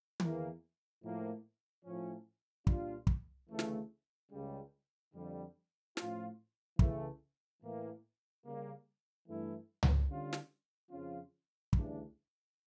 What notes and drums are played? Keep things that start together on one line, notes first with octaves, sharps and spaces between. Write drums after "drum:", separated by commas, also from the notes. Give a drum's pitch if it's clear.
E2 E3 A#3, drum: tom
A2 F3 A#3
A2 F3 C#4
A#2 G3 D4 F4, drum: kick
drum: kick
D2 C#3 E3 A3
drum: snare
C#2 C#3 G3
F2 D3 G3
A2 F3 C#4 F4, drum: snare
C#3 E3 A3, drum: kick
A2 E3 A#3
C#3 G3 A#3
G2 E3 A3 E4
drum: tom C#2
D3 G3 C#4 F4
drum: snare
F2 C#3 F3 C#4 F4
D2 C#3 E3 G3 D4, drum: kick